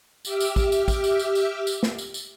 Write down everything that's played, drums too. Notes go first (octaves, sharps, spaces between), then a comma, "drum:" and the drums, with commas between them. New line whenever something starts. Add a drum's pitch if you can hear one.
G4 E5 D6 E6 F6, drum: tambourine
drum: tambourine
drum: kick, tambourine
drum: tambourine
drum: kick, tambourine
drum: tambourine
drum: tambourine
drum: tambourine
drum: tambourine
drum: snare
drum: tambourine
drum: tambourine